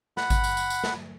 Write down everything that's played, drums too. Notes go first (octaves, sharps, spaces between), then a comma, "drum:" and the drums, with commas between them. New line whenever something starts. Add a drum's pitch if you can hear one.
F#5 B5, drum: snare
drum: kick G#1, tambourine
drum: tambourine
drum: tambourine
drum: tambourine
drum: snare